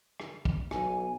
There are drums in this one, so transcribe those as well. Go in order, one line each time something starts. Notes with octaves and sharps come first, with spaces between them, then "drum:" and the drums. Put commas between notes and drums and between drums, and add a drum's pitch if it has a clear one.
drum: rim click
drum: kick
B1 G#5, drum: rim click